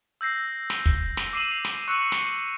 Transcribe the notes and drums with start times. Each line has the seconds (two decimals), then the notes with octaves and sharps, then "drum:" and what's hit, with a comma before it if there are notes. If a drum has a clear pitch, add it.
0.21 E6 G6 A#6 C7
0.70 drum: snare
0.86 drum: kick
1.17 drum: snare
1.33 D6 E6 C7 D#7 E7 F#7
1.51 C7 F7
1.65 drum: snare
1.88 C#6 E6 F#6 C7 C#7 D#7
2.12 drum: snare